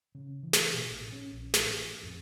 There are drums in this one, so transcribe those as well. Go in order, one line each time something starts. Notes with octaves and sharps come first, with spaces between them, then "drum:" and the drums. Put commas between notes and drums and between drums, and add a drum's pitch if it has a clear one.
C#3
E3
drum: snare
B2
A1
C#4
A#1
A1, drum: snare
F2